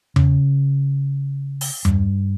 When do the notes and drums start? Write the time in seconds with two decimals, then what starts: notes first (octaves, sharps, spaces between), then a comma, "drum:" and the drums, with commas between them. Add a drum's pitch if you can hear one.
0.16 C#3, drum: tom E2
1.61 drum: open hi-hat
1.85 G2, drum: tom E2